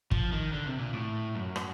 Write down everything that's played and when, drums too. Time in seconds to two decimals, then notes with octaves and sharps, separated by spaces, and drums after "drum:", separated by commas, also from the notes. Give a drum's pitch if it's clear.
0.11 F3, drum: kick
0.32 D#3
0.53 D3
0.66 C3
0.79 A#2
0.94 A2
1.35 F#2
1.56 drum: rim click